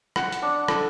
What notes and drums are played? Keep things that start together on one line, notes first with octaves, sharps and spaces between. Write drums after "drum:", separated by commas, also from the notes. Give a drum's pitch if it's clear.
F#5, drum: rim click
drum: hi-hat
D4
A4, drum: rim click